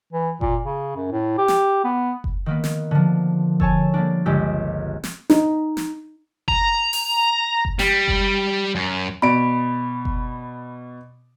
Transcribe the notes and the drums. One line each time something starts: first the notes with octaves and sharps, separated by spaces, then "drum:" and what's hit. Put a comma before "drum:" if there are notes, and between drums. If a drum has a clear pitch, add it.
E3
A#2, drum: kick F#1
C#3
F#2
A2
G4
drum: snare
B3
drum: kick F#1
D#3 A#3 B3
drum: snare
D3 F3
A4 C#5 G#5 A5, drum: kick F#1
G3 A#3 D4
G1 C#2 G#3 G4 E6 G6
drum: snare
D#4, drum: snare
drum: snare
A#5, drum: kick F#1
drum: open hi-hat
drum: kick F#1
G3, drum: snare
drum: kick F#1
F#2
B2 D5 B5 D7
drum: kick F#1